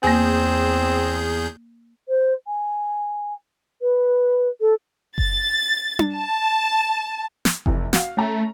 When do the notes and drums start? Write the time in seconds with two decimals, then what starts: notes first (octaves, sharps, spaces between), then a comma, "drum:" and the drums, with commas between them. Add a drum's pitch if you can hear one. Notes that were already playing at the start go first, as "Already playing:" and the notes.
0.03 E2 A#3 C4 G#4 G#5 G6
2.08 C5
2.47 G#5
3.81 B4
4.60 A4
5.18 A6, drum: kick F#1
5.99 drum: tom D4
6.13 A5
7.45 drum: snare
7.66 F1 C3 E3, drum: kick F#1
7.93 F#4 F5, drum: snare
8.17 A3 C#4 A#5